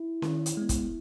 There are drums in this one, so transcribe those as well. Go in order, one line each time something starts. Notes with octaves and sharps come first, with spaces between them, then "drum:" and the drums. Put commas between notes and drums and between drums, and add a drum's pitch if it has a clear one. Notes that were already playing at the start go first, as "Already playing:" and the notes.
Already playing: E4
D#3, drum: snare C#4
drum: hi-hat
G#3 B3
drum: kick, hi-hat